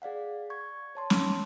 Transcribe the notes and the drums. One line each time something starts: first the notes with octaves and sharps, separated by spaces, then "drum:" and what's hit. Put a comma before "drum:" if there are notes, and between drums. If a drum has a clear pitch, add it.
G#4 D5 F5 F#5
C#6 G#6
C#5 A5 C6
drum: snare